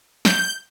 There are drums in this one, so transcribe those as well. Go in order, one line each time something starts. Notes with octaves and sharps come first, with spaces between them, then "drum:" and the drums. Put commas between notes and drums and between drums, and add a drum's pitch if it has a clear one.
G6, drum: snare